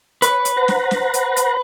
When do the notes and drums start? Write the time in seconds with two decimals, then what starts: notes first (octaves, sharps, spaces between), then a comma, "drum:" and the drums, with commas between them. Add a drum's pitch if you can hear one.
0.22 B4 C#5, drum: hi-hat
0.45 drum: hi-hat
0.57 C5 F#5 A#5
0.68 drum: snare
0.91 drum: snare
1.14 drum: hi-hat
1.37 drum: hi-hat